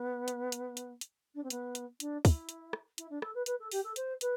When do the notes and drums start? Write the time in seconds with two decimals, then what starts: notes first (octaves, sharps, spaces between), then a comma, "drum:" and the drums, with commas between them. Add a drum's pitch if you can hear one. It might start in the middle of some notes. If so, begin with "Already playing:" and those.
Already playing: B3
0.28 drum: hi-hat
0.52 drum: hi-hat
0.77 drum: hi-hat
1.01 drum: hi-hat
1.34 D4
1.43 C4
1.50 B3, drum: hi-hat
1.75 drum: hi-hat
2.00 D4, drum: hi-hat
2.25 E4, drum: kick, open hi-hat
2.49 drum: hi-hat
2.73 drum: rim click
2.98 E4, drum: hi-hat
3.10 D4
3.22 A4, drum: rim click
3.34 B4
3.46 B4, drum: hi-hat
3.59 A4
3.72 G4, drum: open hi-hat
3.84 A4
3.96 C5, drum: hi-hat
4.21 B4, drum: hi-hat